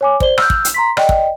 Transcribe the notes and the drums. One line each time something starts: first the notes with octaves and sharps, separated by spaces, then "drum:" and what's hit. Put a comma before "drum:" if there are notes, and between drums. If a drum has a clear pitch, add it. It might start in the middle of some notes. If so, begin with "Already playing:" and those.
C#5 G#5 D6
C5 D5 G7, drum: kick
E6 F6 G6, drum: rim click
drum: kick
drum: hi-hat
A#5 C6 B6
D5 D#5 G5, drum: rim click
drum: kick